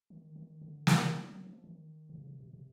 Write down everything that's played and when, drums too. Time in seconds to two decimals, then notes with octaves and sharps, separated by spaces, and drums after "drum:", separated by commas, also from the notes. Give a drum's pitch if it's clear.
0.10 D#3
0.36 D#3
0.62 D3
0.87 F3, drum: snare
1.12 F#3
1.29 F#3
1.47 F3
1.64 D#3
2.09 C3
2.15 C#3
2.27 C3
2.40 B2
2.53 C3